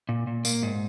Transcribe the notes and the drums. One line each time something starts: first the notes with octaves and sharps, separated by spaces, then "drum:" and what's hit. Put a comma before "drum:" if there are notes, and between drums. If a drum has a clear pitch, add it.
A#2
A#2
A#3, drum: tambourine
G#2